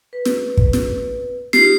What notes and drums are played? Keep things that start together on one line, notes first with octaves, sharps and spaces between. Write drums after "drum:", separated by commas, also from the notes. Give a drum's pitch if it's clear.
B4
drum: snare
drum: kick
drum: snare
D#4 F4 G4 C7, drum: snare